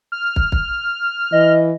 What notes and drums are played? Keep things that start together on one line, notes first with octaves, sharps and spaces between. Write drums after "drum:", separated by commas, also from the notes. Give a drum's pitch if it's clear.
F6
drum: kick
drum: kick
E3 D#5